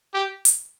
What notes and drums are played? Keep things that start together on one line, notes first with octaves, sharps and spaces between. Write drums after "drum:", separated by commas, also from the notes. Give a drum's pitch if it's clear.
G4
drum: hi-hat